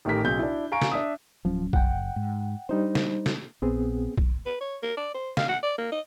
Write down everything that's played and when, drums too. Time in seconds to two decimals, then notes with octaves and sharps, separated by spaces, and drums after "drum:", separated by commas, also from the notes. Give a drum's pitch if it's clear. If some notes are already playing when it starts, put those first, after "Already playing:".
0.05 A1 D#3 A3 G4 A#4 B6
0.24 B1 C#3 G6
0.39 D4 E4
0.72 F5 G#5 A#5 C#6 D7
0.82 drum: snare
0.92 D4 E5 D#6
1.45 D1 F3 F#3 C#4
1.73 F#1 F#5 G5, drum: kick B1
2.16 G#2
2.69 G3 D4 D#4 C5
2.95 drum: snare
3.26 drum: snare
3.62 A#1 B3 C4 G#4
4.18 drum: kick B1
4.46 B4
4.61 C#5
4.83 A#4
4.97 D5
5.14 C5
5.37 F5, drum: snare
5.49 F#5
5.63 D5
5.78 A#3
5.92 D#5